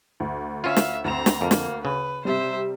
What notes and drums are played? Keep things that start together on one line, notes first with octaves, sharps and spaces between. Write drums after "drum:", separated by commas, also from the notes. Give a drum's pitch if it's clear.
D2
C#4 F4 E5 F5
drum: snare
D2 C4 A#5 E7
drum: snare
F2 A#3
drum: snare
C#3 B4
C3 G3 C5 E5